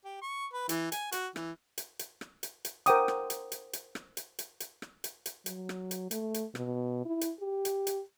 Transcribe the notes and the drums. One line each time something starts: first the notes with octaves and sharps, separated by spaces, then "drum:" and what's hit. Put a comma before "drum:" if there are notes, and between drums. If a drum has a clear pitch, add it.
G4
C#6
B4
E3, drum: hi-hat
G#5, drum: hi-hat
F#4, drum: hi-hat
E3, drum: rim click
drum: hi-hat
drum: hi-hat
drum: rim click
drum: hi-hat
drum: hi-hat
A#4 C5 F#5 G5 D6 D#6, drum: hi-hat
drum: rim click
drum: hi-hat
drum: hi-hat
drum: hi-hat
drum: rim click
drum: hi-hat
drum: hi-hat
drum: hi-hat
drum: rim click
drum: hi-hat
drum: hi-hat
F#3, drum: hi-hat
drum: rim click
drum: hi-hat
A3, drum: hi-hat
drum: hi-hat
B2, drum: rim click
E4
drum: hi-hat
G4
drum: hi-hat
drum: hi-hat